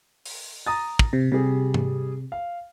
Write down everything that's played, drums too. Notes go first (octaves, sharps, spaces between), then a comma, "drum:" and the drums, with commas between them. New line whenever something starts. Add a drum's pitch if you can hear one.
drum: open hi-hat
A#5 D#6 A6
drum: kick
C3
C3 G3 G#4
drum: tom G#2
F5